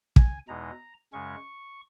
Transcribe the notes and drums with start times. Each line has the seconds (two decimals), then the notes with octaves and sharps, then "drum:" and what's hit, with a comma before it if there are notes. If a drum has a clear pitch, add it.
0.16 G#5, drum: kick
0.48 E2 B2 G#3 D#4 A#5
1.13 F#2 C#3 G#3 C#4 C#6